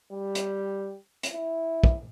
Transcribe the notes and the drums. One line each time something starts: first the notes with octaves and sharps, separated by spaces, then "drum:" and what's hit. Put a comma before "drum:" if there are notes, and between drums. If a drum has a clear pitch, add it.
G3
drum: hi-hat
drum: hi-hat
E4
drum: kick